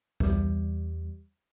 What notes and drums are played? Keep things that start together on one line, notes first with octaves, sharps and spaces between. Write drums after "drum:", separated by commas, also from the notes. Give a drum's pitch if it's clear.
E2 G3, drum: kick C2